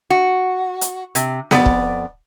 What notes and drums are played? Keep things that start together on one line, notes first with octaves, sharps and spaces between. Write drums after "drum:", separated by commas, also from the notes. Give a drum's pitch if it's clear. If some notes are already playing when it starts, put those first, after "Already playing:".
F#4
drum: hi-hat
C3, drum: hi-hat
F2 B3 D5, drum: snare B3
drum: kick